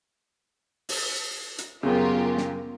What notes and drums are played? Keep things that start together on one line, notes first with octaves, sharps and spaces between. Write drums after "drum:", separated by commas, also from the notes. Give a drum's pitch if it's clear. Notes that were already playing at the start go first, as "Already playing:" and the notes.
drum: open hi-hat
drum: hi-hat
F#2 C#3 B3 F4 G4 A#4
drum: snare